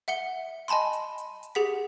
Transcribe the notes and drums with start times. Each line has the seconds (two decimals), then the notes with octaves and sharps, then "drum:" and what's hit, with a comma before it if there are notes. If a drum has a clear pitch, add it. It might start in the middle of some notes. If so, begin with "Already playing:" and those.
0.08 E5 F#5 C#7 G7
0.68 D#5 G#5 A5 B5 C6, drum: hi-hat
0.93 drum: hi-hat
1.18 drum: hi-hat
1.43 drum: hi-hat
1.55 G4 G#4 F#5 B6